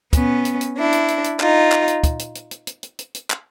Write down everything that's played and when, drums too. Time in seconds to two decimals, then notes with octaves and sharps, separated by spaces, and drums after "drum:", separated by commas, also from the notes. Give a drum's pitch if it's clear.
0.13 B3 C#4, drum: kick, hi-hat
0.45 drum: hi-hat
0.61 drum: hi-hat
0.76 D4 E4
0.93 drum: hi-hat
1.08 drum: hi-hat
1.24 drum: hi-hat
1.40 D#4 F4, drum: clap
1.72 drum: clap
1.88 drum: hi-hat
2.04 drum: kick, hi-hat
2.19 drum: hi-hat
2.35 drum: hi-hat
2.51 drum: hi-hat
2.67 drum: hi-hat
2.83 drum: hi-hat
2.99 drum: hi-hat
3.15 drum: hi-hat
3.30 drum: clap